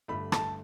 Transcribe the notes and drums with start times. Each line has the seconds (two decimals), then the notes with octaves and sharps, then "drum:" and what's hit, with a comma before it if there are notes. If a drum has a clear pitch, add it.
0.08 G1 G2 D3 A3 B5
0.32 A5, drum: rim click